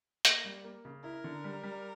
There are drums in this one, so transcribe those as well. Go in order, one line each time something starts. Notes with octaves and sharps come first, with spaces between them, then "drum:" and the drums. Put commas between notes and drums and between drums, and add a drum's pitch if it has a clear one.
A#3, drum: hi-hat
G3
A#3
C#3
E4 A#4
D3
G3
G3